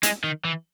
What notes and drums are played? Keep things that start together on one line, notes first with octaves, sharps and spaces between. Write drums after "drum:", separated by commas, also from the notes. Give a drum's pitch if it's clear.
G#3, drum: hi-hat
D#3
E3